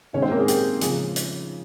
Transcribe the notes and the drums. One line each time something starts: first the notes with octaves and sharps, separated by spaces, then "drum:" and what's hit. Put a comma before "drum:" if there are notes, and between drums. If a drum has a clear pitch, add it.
C3 D#3 G#3 C#4 C#5
C4 C5
A#3 A#4
G#4
G4, drum: hi-hat
C#3 F3 G#3 G#4, drum: hi-hat
drum: hi-hat